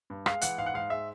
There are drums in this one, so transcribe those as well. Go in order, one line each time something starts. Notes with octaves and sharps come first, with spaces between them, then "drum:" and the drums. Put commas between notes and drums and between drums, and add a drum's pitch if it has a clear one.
G2
G#3 F5, drum: rim click
E3 F#5, drum: hi-hat
G#2 F5
F#5
G#2 F5
G#3 E5